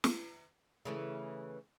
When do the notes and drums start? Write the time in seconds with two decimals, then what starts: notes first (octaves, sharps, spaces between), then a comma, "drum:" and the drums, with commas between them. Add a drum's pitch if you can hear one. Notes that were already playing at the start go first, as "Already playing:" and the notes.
0.04 drum: snare
0.85 C#3 E3 A3